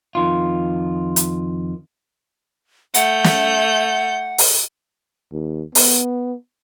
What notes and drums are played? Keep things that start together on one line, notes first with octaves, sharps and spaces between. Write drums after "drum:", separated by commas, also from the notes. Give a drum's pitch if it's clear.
F2 D#3 F4
drum: hi-hat
A3 F#5 G6, drum: hi-hat
drum: snare
drum: open hi-hat
D#2
B3, drum: open hi-hat